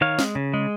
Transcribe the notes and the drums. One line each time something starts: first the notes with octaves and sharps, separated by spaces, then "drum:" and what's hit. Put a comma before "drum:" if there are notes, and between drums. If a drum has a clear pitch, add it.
D#3 C#5 F5
G#3, drum: snare
C#3
G#3